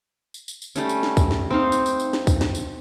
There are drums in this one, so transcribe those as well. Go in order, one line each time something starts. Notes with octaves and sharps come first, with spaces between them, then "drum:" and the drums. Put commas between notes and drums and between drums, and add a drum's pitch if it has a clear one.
drum: tambourine
drum: tambourine
drum: tambourine
G3 A3 C#4, drum: tambourine
drum: tambourine
drum: snare
drum: kick, tambourine
drum: snare
C4 D#4 F5
drum: tambourine
drum: tambourine
drum: tambourine
drum: snare
drum: kick, tambourine
drum: snare
drum: tambourine